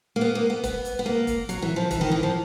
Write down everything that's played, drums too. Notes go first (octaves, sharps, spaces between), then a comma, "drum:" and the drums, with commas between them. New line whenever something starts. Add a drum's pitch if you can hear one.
A#3
B3
A#3
B3
B3, drum: kick E1, hi-hat
drum: hi-hat
B3
A#3
drum: kick E1, hi-hat
F#3, drum: hi-hat
E3
F3
E3, drum: kick E1, hi-hat
D#3
E3
F3